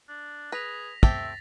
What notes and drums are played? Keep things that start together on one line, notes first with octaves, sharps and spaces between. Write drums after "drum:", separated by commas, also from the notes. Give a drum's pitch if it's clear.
D4
G#4 B4 A#6 B6 F7
A3 C4 G4 E5 A6, drum: kick